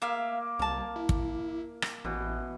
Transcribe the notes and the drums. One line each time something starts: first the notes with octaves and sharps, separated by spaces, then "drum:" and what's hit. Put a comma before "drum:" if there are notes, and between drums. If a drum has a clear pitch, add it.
A#3 E5 F5
C2 A#4 A5
E4
drum: kick
drum: rim click
A1 B2 E3